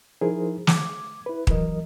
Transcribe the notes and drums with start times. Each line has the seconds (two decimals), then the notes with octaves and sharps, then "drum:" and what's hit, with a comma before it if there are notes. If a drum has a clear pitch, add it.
0.21 F3 D#4 E4 G#4 A#4 C5
0.67 D6 G#6, drum: snare
1.26 E4 B4
1.47 D#2 E3 F#3 A#4 D#5, drum: kick